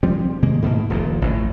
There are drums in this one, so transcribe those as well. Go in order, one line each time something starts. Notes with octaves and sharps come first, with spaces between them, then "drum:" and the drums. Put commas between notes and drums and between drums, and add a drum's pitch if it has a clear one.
F3 G3 G#3 C4
C4
C3 D#3 G#3 A#3
G#2 B2 A3 A#3
D#1 A#1 F2 A#2
A1 F2 A2, drum: kick G#1